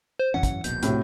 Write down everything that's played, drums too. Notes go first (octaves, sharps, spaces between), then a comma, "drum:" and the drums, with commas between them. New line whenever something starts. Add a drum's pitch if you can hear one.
C5
F#2 E3 C#4 F#5
drum: kick, hi-hat
D1 A#1 B2 G6, drum: hi-hat
A2 C3 F#4, drum: hi-hat